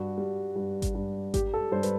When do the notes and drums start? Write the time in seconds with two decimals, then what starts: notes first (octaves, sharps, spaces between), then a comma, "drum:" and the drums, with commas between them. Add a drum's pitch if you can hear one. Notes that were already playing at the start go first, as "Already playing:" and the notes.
Already playing: G2 F#4
0.18 G3
0.56 G2
0.82 drum: kick G#1, hi-hat
0.95 G2
1.34 G3 G4, drum: kick G#1, hi-hat
1.54 A4
1.72 G2 C5
1.83 B4, drum: hi-hat